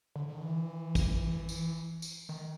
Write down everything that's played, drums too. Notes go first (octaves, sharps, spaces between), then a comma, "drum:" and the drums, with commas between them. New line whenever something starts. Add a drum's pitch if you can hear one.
D3
D3
D#3
E3
drum: kick, tambourine
drum: tambourine
drum: tambourine
D#3